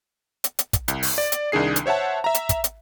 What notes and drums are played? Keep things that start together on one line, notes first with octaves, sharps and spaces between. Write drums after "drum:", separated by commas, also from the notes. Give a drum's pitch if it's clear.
drum: hi-hat
drum: hi-hat
drum: kick, hi-hat
C2, drum: hi-hat
drum: open hi-hat
D5
drum: hi-hat
C2 D#3 D4 G#4 C7
drum: hi-hat
C5 C#5 E5 F#5 A5
E5 A#5
drum: hi-hat
drum: kick, hi-hat
drum: hi-hat